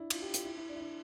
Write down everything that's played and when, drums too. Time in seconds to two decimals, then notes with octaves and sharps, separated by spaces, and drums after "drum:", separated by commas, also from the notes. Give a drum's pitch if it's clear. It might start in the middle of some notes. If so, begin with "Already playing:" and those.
Already playing: D4 E4
0.10 F4, drum: cymbal
0.22 G4
0.34 F4, drum: hi-hat
0.45 E4
0.57 E4
0.69 D4
0.76 E4
0.81 D4